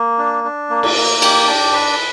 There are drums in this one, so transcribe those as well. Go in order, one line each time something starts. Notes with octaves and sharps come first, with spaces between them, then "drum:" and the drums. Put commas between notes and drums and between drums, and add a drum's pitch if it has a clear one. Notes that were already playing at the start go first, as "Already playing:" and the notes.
Already playing: A#3
D4
D4
A#3
drum: cymbal
A#3
G4, drum: cymbal
D4
B4